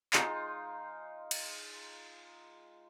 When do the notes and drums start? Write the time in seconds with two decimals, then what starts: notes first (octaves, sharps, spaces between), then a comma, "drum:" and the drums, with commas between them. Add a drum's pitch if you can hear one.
0.13 G#3 D#4 F4, drum: clap
1.31 drum: cymbal